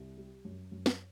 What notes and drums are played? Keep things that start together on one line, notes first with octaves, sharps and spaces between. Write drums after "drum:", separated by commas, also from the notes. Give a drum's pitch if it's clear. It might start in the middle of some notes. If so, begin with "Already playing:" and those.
Already playing: C2
G3
F#2
F#2
drum: snare